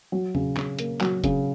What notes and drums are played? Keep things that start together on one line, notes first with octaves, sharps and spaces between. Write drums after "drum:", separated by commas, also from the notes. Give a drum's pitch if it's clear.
F#3
C#3, drum: tom E2
C#3, drum: clap
A#3, drum: hi-hat
F#3, drum: clap
C#3, drum: kick E1, hi-hat